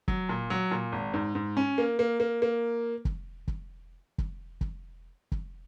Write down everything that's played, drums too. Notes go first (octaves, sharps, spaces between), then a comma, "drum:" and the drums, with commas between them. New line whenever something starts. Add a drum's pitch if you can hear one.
F#3, drum: kick
A#2
F#3
A#2
G#1
G#2
G#2
C#4
A#3
A#3
A#3
A#3
drum: kick
drum: kick
drum: kick
drum: kick
drum: kick